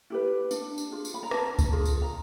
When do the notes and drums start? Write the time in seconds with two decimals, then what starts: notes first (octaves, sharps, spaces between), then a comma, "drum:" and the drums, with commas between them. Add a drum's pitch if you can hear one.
0.10 E4 G4 B4
0.51 D4, drum: tambourine
0.78 drum: tambourine
0.92 F4 G#4
1.05 drum: tambourine
1.14 B5
1.23 A#5
1.31 D4 A5, drum: rim click
1.59 drum: kick C#2, tambourine
1.72 F4 G#4
1.85 drum: tambourine
2.02 A#5